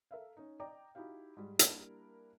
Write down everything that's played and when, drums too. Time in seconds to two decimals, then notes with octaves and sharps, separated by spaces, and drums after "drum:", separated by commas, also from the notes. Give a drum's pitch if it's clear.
0.11 A4 A#4 E5 F5
0.37 C#4 D#4
0.60 D5 D#5 G5 A#5 D6
0.95 D#4 E4 F#4 G4 F5
1.37 G#2 G3
1.59 G3 A#3 D4 E4 A#4, drum: hi-hat